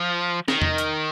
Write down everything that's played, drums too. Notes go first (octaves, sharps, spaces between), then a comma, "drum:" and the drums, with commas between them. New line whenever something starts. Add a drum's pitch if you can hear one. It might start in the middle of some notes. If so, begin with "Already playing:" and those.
Already playing: F3
D#3, drum: snare
drum: tom E2
drum: hi-hat